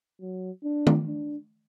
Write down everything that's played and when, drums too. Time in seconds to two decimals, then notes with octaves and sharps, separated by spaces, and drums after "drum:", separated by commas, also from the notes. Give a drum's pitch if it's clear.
0.21 F#3
0.64 D4
0.87 drum: tom
1.07 D4